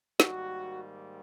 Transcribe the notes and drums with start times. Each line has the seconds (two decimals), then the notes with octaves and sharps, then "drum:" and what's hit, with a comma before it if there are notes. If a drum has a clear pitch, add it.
0.20 G#2 D#3 G3 A#3 F#4, drum: snare